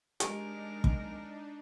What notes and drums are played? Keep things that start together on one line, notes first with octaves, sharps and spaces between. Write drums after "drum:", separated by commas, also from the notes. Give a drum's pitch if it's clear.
G#3 D4 D#4 G4 A#4, drum: hi-hat
drum: kick